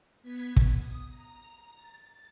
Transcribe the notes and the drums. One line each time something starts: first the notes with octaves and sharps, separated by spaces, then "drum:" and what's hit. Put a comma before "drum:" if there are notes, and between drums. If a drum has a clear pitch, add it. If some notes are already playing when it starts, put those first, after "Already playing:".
B3 G#6 B6
drum: kick
D#6
A#5
A6